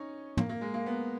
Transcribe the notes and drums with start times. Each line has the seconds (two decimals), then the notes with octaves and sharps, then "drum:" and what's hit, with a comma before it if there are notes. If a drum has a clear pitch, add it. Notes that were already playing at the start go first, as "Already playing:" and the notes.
Already playing: C#4 D#4 C#5
0.37 A#3, drum: tom
0.49 A#3
0.61 G#3
0.74 A#3
0.86 B3